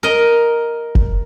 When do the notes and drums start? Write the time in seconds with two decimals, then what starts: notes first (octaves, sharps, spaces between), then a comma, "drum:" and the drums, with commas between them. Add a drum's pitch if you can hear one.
0.03 A#4 D#5
0.95 drum: kick F#1